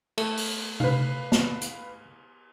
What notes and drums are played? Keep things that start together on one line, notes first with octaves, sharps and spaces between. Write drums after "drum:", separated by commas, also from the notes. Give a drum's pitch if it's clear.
A3, drum: cymbal
drum: open hi-hat
B4 F5, drum: tom C3
drum: snare
drum: hi-hat